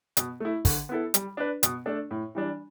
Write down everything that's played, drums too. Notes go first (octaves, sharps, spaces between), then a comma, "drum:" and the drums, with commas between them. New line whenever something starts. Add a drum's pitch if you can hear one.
B2, drum: hi-hat
A3 E4
D3, drum: kick, open hi-hat
B3 E4 A4
G3, drum: hi-hat
D4 B4
B2, drum: hi-hat
A3 D4 A4
A2
E3 G3 D4